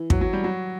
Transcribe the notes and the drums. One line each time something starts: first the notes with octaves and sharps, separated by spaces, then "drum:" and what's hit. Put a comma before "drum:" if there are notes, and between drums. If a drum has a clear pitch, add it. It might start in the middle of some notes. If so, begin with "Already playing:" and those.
Already playing: E3
F#3, drum: kick
F#3
G3
F#3